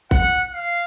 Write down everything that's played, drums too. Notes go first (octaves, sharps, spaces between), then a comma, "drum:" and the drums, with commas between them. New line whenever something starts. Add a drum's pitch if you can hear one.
F#5, drum: kick A1
F5